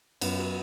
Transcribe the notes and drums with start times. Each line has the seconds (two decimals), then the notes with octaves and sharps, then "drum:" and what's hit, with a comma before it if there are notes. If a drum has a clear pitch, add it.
0.21 F#2 B3, drum: cymbal
0.39 F#3